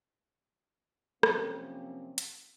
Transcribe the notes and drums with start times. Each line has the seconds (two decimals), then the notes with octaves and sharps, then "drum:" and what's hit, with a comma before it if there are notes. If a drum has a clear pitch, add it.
1.23 F#2 C3 F3 A#3 C4 C#4, drum: rim click
2.18 drum: hi-hat